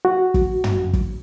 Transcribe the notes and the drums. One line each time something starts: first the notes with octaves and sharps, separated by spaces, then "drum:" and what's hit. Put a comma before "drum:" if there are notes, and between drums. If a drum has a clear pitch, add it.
F#4
drum: kick
drum: tom
drum: kick